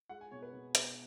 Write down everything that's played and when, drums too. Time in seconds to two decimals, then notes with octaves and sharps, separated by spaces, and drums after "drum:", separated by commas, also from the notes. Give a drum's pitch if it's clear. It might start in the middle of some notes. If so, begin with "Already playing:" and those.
0.09 G#3 F#5
0.21 G#5
0.31 B2 C#5
0.42 B4
0.53 B2
0.75 B2, drum: hi-hat